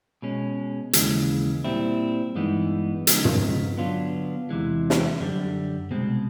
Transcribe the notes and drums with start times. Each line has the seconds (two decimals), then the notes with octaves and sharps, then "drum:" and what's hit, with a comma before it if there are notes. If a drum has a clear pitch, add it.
0.22 B2 G#3 C#4
0.93 D#2 C#3 E3 G#3, drum: hi-hat
1.64 A#2 G3 C4 E4
2.35 G2 E3 G#3 B3 D#4
3.07 C#3 F3 G#3 B3 D#4, drum: hi-hat
3.25 drum: tom
3.77 D3 F#3 B3 D4 F4
4.49 E2 C3 E3 G#3
4.90 drum: snare
5.20 F#2 D3 G3
5.91 C2 B2 G#3 C4